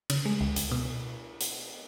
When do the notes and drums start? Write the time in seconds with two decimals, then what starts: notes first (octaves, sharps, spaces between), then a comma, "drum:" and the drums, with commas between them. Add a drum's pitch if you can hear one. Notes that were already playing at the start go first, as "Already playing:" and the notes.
0.10 C#3, drum: cymbal
0.25 G#3
0.41 C#2
0.56 C#2, drum: hi-hat
0.71 B2
1.41 drum: hi-hat